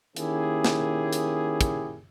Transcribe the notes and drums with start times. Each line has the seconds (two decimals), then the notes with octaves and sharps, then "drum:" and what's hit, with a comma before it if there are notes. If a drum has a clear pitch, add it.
0.16 D#3 A#3 C#4 E4 G4 G#4, drum: hi-hat
0.65 drum: snare
1.13 drum: hi-hat
1.61 drum: kick, hi-hat